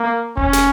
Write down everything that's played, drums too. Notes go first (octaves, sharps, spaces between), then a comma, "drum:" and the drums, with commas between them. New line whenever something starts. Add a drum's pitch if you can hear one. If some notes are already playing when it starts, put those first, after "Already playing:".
Already playing: A#3
C#4, drum: kick F1
drum: snare